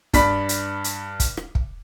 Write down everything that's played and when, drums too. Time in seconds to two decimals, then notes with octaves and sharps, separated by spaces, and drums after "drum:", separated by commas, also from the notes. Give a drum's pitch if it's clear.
0.13 G2 D5 B5 B6, drum: kick, hi-hat
0.49 drum: hi-hat
0.84 drum: hi-hat
1.20 drum: kick, hi-hat
1.37 drum: rim click
1.55 drum: kick